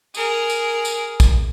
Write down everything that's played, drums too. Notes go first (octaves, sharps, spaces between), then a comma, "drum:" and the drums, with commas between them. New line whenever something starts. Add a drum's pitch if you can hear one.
G#4 A#4, drum: tambourine
drum: tambourine
drum: tambourine
drum: kick A#1, tambourine